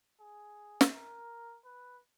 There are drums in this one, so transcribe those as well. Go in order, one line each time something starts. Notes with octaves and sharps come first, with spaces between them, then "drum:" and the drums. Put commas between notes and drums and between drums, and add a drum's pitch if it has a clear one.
G#4
drum: snare
A#4
B4